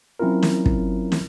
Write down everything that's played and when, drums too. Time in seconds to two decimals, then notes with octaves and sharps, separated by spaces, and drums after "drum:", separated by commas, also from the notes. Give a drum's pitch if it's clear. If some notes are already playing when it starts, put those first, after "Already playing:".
0.19 F#3 C4 C#4 E4 F4 A#4
0.43 drum: snare
0.66 drum: kick
1.12 drum: snare